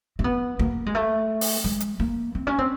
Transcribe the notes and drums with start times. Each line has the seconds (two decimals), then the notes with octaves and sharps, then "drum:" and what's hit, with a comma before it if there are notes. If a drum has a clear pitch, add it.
0.19 C4
0.24 B3
0.59 A#3, drum: kick
0.86 G#3
0.95 A3
1.41 drum: open hi-hat
1.64 G#3
1.80 drum: hi-hat
2.00 A#3
2.35 C4
2.47 C#4
2.58 C4